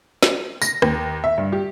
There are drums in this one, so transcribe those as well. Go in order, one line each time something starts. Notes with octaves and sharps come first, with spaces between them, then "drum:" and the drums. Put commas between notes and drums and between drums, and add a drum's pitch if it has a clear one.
drum: snare
A#6, drum: tambourine
D#2, drum: rim click
E5
G2
G4